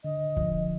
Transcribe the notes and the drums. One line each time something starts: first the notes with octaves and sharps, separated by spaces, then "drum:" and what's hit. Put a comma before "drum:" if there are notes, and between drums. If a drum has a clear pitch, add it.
D3 D#5
F3, drum: kick